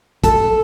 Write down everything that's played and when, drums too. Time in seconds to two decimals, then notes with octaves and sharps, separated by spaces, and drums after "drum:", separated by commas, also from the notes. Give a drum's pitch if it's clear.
0.24 A4, drum: kick, hi-hat